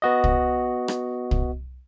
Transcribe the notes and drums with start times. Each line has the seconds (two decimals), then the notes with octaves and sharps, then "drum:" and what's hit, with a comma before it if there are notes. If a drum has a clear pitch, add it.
0.02 B3 F#4 D#5
0.24 drum: kick
0.88 drum: rim click
1.31 drum: kick